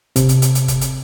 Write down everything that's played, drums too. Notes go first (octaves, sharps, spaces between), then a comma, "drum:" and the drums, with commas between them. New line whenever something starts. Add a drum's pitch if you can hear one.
C3, drum: kick, hi-hat
drum: hi-hat
drum: hi-hat
drum: hi-hat
drum: kick, hi-hat
drum: hi-hat